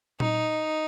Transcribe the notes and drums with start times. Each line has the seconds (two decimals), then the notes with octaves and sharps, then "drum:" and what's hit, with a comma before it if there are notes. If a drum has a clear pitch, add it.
0.20 D#4, drum: tom A#2